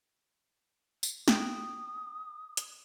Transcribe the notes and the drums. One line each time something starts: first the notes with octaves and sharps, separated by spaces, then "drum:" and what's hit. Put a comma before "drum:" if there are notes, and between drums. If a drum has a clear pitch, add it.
drum: tambourine
G5 D#6, drum: snare
drum: hi-hat